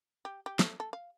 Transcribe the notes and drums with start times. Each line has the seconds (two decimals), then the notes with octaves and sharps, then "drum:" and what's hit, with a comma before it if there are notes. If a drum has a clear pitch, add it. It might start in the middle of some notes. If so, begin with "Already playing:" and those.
0.25 G4
0.46 G4
0.59 A3, drum: snare
0.80 A4
0.93 F5